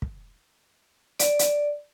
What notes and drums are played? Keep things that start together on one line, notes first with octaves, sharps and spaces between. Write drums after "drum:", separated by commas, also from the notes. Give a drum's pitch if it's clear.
drum: kick
D5, drum: hi-hat
drum: hi-hat